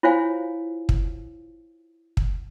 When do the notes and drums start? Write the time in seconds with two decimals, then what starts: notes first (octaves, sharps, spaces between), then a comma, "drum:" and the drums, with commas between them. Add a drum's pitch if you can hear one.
0.03 E4 F4 C5 C#5 F5 G#5
0.89 drum: kick
2.17 drum: kick